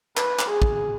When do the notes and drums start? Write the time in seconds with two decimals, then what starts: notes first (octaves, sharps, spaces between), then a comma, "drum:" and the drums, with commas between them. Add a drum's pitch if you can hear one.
0.17 B4, drum: clap
0.39 drum: clap
0.50 G#4
0.62 drum: kick